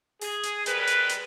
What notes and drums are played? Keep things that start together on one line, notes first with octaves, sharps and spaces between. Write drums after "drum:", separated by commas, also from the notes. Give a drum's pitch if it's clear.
G#4, drum: open hi-hat
drum: hi-hat
G3 G#3 A#4 B4, drum: hi-hat
drum: hi-hat
drum: hi-hat